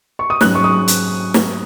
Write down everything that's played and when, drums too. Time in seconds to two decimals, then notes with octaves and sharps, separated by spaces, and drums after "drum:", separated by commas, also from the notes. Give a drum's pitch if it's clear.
0.19 C#6
0.30 D#6
0.41 G#2 F#3 C#4 F#6, drum: snare
0.55 C#6
0.64 D#6
0.88 drum: hi-hat
1.34 drum: snare